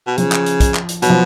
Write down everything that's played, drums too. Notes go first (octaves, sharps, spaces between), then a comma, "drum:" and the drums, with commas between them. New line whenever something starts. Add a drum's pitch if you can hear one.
B2
C#3 F3, drum: hi-hat
drum: clap
drum: hi-hat
drum: kick, hi-hat
drum: clap
drum: hi-hat
B2 F#3, drum: hi-hat
F3